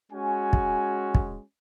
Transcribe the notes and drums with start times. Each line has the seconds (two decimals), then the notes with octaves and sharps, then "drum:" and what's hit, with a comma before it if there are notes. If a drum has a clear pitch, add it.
0.12 G#3 C#4 F#4 G#5
0.53 drum: kick
1.15 drum: kick